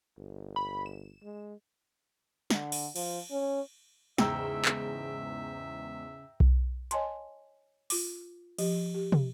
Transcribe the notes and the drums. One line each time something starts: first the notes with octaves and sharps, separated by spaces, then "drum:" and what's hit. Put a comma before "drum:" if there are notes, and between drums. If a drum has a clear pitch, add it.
G1
B5
E7
G#3
D3, drum: snare
drum: open hi-hat
F3, drum: cymbal
C#4
E2 G#2 C#3 E5 G5 A#5 E6, drum: snare
drum: clap
drum: kick B1
C#5 D#5 G#5 A5 C6, drum: hi-hat
F4 D6, drum: open hi-hat
F3 G4, drum: cymbal
G4
drum: tom